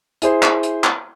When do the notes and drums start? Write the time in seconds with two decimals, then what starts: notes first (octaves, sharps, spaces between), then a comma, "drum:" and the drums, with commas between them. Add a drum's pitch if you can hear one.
0.22 E4 G#4 C5, drum: hi-hat
0.43 drum: clap
0.63 drum: hi-hat
0.84 drum: clap